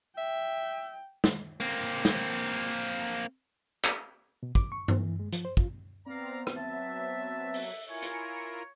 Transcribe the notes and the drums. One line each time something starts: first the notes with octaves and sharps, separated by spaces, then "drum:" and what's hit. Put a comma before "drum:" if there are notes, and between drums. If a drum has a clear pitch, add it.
E5 G5
drum: snare
A#3 C4
drum: snare
drum: clap
B2
D6, drum: kick
C#6
C5, drum: tom G2
E3
G#3
F3, drum: hi-hat
C5
F4, drum: kick
B3 C4 D5 F5 A#5
drum: rim click
F#3 E5 A5
drum: open hi-hat
E4 F4 A#4 C#5 G#5 C#7
drum: hi-hat